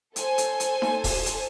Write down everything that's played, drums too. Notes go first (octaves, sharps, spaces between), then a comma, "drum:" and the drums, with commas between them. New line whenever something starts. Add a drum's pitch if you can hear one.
A4 C5 G#5, drum: hi-hat
drum: hi-hat
drum: hi-hat
drum: snare D#4
drum: kick D#1, open hi-hat
drum: hi-hat